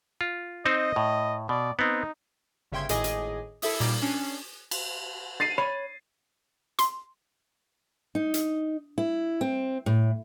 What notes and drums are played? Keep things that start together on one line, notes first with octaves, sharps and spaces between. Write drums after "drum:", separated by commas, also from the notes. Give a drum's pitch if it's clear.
F4
C4 D#4 C5 D#5
A2
B2 D5
B3 C4 D#4
G1 C#3 E5 G5 C6 G#6
G#1 A2 G#4 D#5 G#5 D6, drum: hi-hat
drum: hi-hat
E4 A4 E5 D#6, drum: open hi-hat
A#2 G3 D#4 D6, drum: open hi-hat
C#4 D4 C7
drum: cymbal
A6 C7 D#7
C#5 B5
C6, drum: hi-hat
D#4
drum: hi-hat
E4
C4
A2